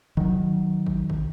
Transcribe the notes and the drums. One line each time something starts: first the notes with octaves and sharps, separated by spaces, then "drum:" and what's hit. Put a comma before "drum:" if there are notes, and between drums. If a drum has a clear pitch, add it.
D#3 F#3, drum: kick G#1
drum: kick G#1
drum: kick G#1